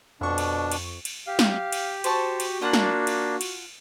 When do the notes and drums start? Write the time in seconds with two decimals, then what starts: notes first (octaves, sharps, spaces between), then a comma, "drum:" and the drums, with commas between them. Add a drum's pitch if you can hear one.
0.21 F2 B2 D4 C#6
0.38 drum: cymbal
0.72 drum: cymbal
1.05 drum: cymbal
1.27 G4 F5
1.39 drum: snare
1.72 drum: cymbal
2.04 F#4 C5 A5 C#6, drum: cymbal
2.40 drum: cymbal
2.61 A#3 D4 F4 F#5 A5
2.73 drum: snare
3.07 drum: cymbal
3.41 drum: cymbal